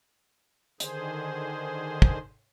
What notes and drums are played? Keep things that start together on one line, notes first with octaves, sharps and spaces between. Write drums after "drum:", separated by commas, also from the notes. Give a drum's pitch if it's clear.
D3 D#3 G#4 C5, drum: hi-hat
drum: kick